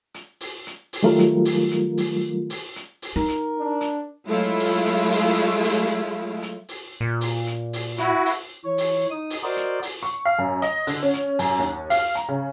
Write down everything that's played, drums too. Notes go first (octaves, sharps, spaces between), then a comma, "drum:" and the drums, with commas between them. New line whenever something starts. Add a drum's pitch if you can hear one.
drum: hi-hat
drum: open hi-hat
drum: hi-hat
drum: open hi-hat
D#3 F#3 G3 A3 F4 A#4
drum: hi-hat
drum: open hi-hat
drum: hi-hat
drum: open hi-hat
drum: open hi-hat
drum: hi-hat
drum: open hi-hat
D#4 A#4
drum: hi-hat
D4
drum: hi-hat
F#3 G#3 A3 E4 F4
drum: open hi-hat
drum: hi-hat
drum: open hi-hat
drum: hi-hat
drum: open hi-hat
drum: hi-hat
drum: open hi-hat
A#2
drum: open hi-hat
drum: hi-hat
drum: open hi-hat
E4 F#4, drum: hi-hat
drum: open hi-hat
E3 C#5
drum: open hi-hat
D#4 D#6
drum: open hi-hat
F#4 A#4 C5 D5 D#5
drum: hi-hat
drum: open hi-hat
C#6
F5
F#2
D#5, drum: hi-hat
D3, drum: open hi-hat
C#4
drum: hi-hat
F#2, drum: open hi-hat
D#2
F5, drum: open hi-hat
A#5, drum: hi-hat
C#3